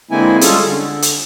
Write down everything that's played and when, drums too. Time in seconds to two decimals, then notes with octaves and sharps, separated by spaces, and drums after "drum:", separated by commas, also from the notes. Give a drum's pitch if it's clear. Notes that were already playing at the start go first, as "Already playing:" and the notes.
0.11 D3 G#3 A#3 C4 E4 G#5
0.41 G3 G#3 C#4 F4 G#4 A4, drum: hi-hat
0.67 D3
1.02 drum: hi-hat